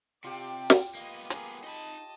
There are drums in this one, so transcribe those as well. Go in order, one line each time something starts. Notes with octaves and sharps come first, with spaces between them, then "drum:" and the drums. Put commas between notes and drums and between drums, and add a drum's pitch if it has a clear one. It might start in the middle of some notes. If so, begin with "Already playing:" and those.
C3 F4 G4 D5 G5
drum: snare
A#3 B3 D#5
G#4 A#4, drum: hi-hat
D#4 D#5 A5 B5